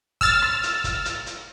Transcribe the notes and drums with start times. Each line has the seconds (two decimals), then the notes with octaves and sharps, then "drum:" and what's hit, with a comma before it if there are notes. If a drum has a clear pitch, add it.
0.21 E6 F6 A6, drum: kick, open hi-hat
0.42 drum: rim click
0.63 drum: hi-hat
0.84 drum: kick, hi-hat
1.05 drum: hi-hat
1.26 drum: hi-hat